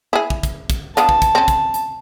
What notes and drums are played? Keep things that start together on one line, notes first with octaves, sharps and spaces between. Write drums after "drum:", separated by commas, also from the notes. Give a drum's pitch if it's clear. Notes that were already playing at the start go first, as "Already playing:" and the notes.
E4 G#4
drum: kick
drum: kick, hi-hat
drum: kick, hi-hat
B3 D4 F4 A5, drum: hi-hat
drum: kick
drum: kick, hi-hat
C4 C#4
drum: kick, hi-hat
drum: hi-hat